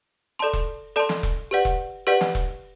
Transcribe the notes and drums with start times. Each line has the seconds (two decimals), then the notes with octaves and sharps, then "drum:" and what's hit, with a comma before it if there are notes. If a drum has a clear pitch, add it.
0.39 A4 D5 A5 C6
0.53 drum: kick E1
0.96 A4 D5 A5 C6
1.09 drum: snare
1.23 drum: kick E1
1.51 G4 B4 D5 F#5
1.65 drum: kick E1
2.07 G4 B4 D5 F#5
2.21 drum: snare
2.35 drum: kick E1